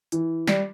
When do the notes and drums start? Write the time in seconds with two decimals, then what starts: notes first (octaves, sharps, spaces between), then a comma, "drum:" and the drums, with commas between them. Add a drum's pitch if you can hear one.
0.12 E3, drum: hi-hat
0.47 G3, drum: snare